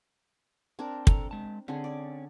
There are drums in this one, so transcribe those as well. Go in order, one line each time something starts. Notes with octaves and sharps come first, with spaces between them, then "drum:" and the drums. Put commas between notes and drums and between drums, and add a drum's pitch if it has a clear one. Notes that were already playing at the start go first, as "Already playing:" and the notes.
C4 D4 A#4
A4 A#5, drum: kick
G#3 A5
D3 C4 C#4 G#4
D5